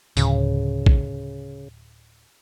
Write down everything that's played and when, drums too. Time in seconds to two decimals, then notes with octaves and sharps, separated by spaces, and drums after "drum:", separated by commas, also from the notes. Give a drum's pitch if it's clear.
0.17 D1 C#3, drum: tambourine
0.86 drum: kick